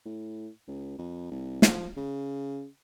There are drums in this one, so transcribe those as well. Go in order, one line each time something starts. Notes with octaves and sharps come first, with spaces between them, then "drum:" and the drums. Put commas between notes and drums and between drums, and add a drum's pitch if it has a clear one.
A2
C#2
F2
C2
F3, drum: snare
C#3